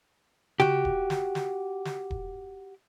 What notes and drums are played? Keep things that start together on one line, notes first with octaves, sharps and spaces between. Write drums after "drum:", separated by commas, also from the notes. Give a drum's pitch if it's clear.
F#4 G4, drum: tom C#3
drum: kick D#1
drum: snare
drum: snare
drum: snare
drum: kick D#1